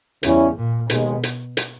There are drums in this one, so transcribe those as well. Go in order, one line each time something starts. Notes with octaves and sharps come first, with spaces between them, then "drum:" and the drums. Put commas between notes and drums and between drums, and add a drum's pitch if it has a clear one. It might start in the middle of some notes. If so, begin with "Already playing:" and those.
E2 C#3 G3 C#4 E4, drum: hi-hat
A#2
D#2 B2 D#3 G#3, drum: hi-hat
drum: hi-hat
drum: hi-hat